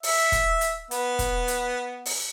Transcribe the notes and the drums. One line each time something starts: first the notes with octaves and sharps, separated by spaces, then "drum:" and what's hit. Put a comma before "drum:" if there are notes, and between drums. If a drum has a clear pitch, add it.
E5, drum: open hi-hat
drum: kick, hi-hat
drum: hi-hat
B3, drum: hi-hat
drum: kick, hi-hat
drum: hi-hat
drum: open hi-hat